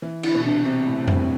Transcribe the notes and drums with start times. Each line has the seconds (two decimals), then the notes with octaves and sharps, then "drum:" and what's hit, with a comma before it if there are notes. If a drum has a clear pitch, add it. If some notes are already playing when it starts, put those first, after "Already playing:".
0.02 E3
0.23 D3 E4, drum: cymbal
0.35 B2
0.44 C3 D4
0.65 C3 C4
0.86 A2
1.03 A2
1.08 G2, drum: tom F2